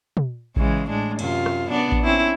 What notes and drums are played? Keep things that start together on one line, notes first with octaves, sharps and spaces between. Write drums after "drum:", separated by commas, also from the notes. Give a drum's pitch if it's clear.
drum: tom
C#3 E3 G#3, drum: kick A1
A2 G#3 D4
F#2 C3 F4, drum: cymbal
drum: rim click
B3 D4 D5
drum: kick A1
C4 C#4 E4